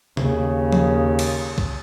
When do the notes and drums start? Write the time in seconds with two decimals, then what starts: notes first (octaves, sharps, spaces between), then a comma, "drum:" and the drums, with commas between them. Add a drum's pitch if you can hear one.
0.17 D#2 C#3, drum: tom
0.72 drum: tom F3
1.19 drum: cymbal
1.58 drum: kick